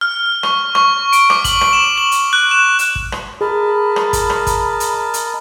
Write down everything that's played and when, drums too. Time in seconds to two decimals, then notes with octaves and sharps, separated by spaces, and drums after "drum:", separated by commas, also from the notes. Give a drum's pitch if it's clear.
0.01 F6
0.43 C#6, drum: rim click
0.75 C#6, drum: rim click
1.13 D7, drum: hi-hat
1.30 D6, drum: rim click
1.44 F#7, drum: kick, hi-hat
1.61 drum: rim click
1.73 E7
1.98 F#7
2.12 drum: hi-hat
2.33 F#6
2.51 E7
2.79 drum: hi-hat
2.96 drum: kick
3.12 drum: rim click
3.41 G#4 A#4 D#5 A5 B5
3.96 drum: rim click
4.13 drum: kick, hi-hat
4.30 drum: rim click
4.47 drum: kick, hi-hat
4.80 drum: hi-hat
5.14 drum: hi-hat